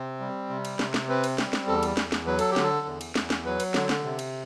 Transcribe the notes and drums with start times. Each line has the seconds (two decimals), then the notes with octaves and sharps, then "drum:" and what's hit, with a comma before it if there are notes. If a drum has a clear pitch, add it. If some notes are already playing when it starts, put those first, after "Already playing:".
Already playing: C3 C4
0.20 G3
0.50 C3
0.65 drum: cymbal
0.79 C3, drum: snare
0.94 drum: snare
1.09 C4 B4
1.24 drum: cymbal
1.38 G3, drum: snare
1.53 drum: snare
1.67 E2 A4
1.83 drum: cymbal
1.97 E2, drum: snare
2.12 drum: snare
2.26 F#3 B4
2.39 A4, drum: cymbal
2.51 G4
2.56 D3, drum: snare
2.63 A4
2.87 E2
3.01 drum: cymbal
3.16 E2, drum: snare
3.30 drum: snare
3.45 F#3 B4
3.60 drum: cymbal
3.74 D3, drum: snare
3.89 drum: snare
4.04 C3
4.19 drum: cymbal